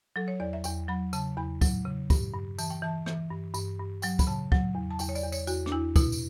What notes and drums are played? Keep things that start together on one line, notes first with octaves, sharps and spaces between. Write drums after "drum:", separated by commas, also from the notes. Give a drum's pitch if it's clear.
F#3 A4
C#5
E2 D5
E5
E2 G5, drum: tambourine
F#3 B5
C#3 A5, drum: tambourine
E2 B5
F#3, drum: kick, tambourine
C#3
G2, drum: kick, tambourine
G2
E3 A5, drum: tambourine
G5
E3 A5
E3, drum: rim click
G2
G2, drum: tambourine
G2
F#3 G5, drum: tambourine
B5, drum: kick, tambourine
C#3 A5
F#3, drum: kick
E2
A5
E2 G5, drum: tambourine
C#5
D5, drum: tambourine
E2
C#5, drum: tambourine
E2 F#4, drum: tambourine
D4, drum: rim click
E2 E4
B2 E4, drum: kick, tambourine
drum: tambourine